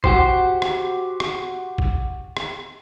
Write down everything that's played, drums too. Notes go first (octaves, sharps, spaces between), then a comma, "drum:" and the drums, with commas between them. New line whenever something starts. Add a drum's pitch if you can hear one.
F#4 G4 C5, drum: kick A1
drum: rim click
drum: rim click
drum: kick A1
drum: rim click